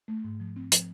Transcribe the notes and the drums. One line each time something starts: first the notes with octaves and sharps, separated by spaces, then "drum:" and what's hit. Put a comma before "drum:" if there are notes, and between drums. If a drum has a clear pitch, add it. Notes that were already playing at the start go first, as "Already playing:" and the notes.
A3
G#2
F3
C4
F3, drum: hi-hat